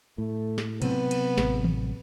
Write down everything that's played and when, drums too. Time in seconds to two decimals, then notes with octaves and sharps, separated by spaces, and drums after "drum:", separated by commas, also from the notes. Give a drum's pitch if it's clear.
0.18 A2 A3
0.58 drum: snare
0.82 C3 F#3 B3 C4, drum: cymbal
1.11 drum: cymbal
1.38 A1, drum: snare
1.64 drum: tom D#3